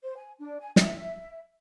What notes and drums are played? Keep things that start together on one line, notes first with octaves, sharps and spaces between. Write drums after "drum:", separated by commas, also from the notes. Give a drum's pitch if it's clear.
C5
G#5
D4
G#5
E5, drum: snare